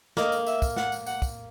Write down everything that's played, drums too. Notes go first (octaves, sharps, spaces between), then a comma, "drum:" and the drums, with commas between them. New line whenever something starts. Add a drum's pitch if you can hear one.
A#3 D#5, drum: snare
drum: tambourine
E5, drum: tambourine
drum: kick, tambourine
F#5, drum: snare
drum: tambourine
F#5, drum: tambourine
drum: kick, tambourine